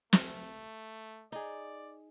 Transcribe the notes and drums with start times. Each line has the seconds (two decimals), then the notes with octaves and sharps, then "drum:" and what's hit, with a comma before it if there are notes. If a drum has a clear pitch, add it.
0.13 A3, drum: snare
1.32 D#4 G#4 D5